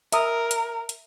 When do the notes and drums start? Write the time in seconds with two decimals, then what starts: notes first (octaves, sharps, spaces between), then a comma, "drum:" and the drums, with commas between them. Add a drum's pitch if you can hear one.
0.12 A#4 E5 D#6, drum: hi-hat
0.51 drum: hi-hat
0.89 drum: hi-hat